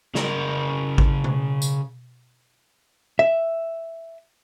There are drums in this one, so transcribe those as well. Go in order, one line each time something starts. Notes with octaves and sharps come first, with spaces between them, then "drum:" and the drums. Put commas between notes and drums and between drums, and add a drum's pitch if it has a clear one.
C#3 A#4, drum: snare
drum: kick G#1
drum: tom B2
drum: tambourine
E5